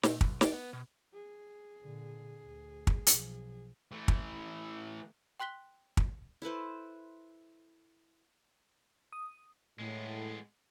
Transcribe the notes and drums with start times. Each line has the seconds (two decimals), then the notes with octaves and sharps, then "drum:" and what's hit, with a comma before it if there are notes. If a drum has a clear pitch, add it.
0.03 A#2, drum: snare
0.21 B1, drum: kick
0.41 D5, drum: snare
0.53 B3
0.73 B2
1.14 G#4
1.82 A#2 D3
2.44 D2
2.87 drum: kick
3.07 B1 F3, drum: hi-hat
3.92 E3 A3
4.08 drum: kick
5.40 G5 C6 F#6 B6 G7
5.97 drum: kick
6.42 E4 A4 B4 C5
9.13 D#6
9.79 A2 G#3 B3